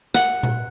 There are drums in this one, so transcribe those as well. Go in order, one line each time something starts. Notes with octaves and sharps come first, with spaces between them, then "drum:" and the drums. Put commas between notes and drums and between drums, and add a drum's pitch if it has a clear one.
F#5, drum: snare
drum: tom A#2